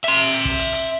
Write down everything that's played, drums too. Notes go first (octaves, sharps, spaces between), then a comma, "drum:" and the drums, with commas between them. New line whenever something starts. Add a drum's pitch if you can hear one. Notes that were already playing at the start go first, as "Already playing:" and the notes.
E5 C6, drum: hi-hat
drum: hi-hat
drum: hi-hat
drum: kick, open hi-hat
drum: hi-hat
drum: hi-hat